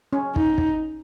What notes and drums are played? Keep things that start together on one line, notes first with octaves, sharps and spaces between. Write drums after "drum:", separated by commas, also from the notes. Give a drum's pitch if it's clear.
C#4
D#4, drum: kick
drum: kick